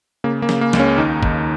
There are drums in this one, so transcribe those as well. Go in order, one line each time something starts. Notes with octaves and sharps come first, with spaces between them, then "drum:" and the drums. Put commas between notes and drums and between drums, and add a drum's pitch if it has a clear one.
C#3 A#3
A#3
C#3, drum: snare
A#3
C#2, drum: snare
C#4
D#2 D#4
D#2, drum: kick